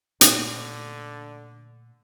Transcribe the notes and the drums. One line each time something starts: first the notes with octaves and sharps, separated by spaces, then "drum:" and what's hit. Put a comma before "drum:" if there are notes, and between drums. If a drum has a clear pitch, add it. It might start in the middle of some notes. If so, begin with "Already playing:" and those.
A#2 D3 A3, drum: hi-hat